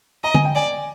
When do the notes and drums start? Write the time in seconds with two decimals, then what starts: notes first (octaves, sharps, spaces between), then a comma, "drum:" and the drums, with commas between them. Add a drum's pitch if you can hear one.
0.24 D#5 A#5
0.35 G#5, drum: tom
0.45 G5
0.55 D5 G#5